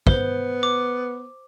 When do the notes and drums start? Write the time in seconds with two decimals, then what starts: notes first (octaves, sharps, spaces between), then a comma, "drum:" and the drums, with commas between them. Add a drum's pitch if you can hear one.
0.07 B3 C5 G7, drum: kick
0.63 D6